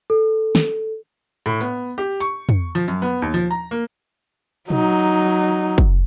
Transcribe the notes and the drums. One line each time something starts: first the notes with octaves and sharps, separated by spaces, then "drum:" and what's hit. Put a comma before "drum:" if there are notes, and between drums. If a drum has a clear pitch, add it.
A4
drum: snare
A2
B3, drum: hi-hat
G4
C#6, drum: hi-hat
drum: tom
F3
F#2, drum: hi-hat
B3
D#2
F3
A#5
A#3
F#3 D#4, drum: tom
drum: kick